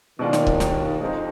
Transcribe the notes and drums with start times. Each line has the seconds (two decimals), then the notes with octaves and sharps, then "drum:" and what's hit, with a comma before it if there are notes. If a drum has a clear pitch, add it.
0.19 D#2 B2 D#3 G#3 D4 F4
0.33 drum: snare
0.47 drum: kick C#1
0.60 drum: snare
1.01 F2 G#3 C4 D#4